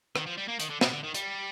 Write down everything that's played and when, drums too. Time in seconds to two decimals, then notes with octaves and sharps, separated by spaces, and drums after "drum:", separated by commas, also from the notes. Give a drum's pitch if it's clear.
0.16 D#3, drum: rim click
0.27 F3
0.38 G3
0.48 A#3
0.60 D#3, drum: hi-hat
0.70 D3
0.81 C3, drum: snare
0.92 D3
1.04 D#3
1.14 G3, drum: hi-hat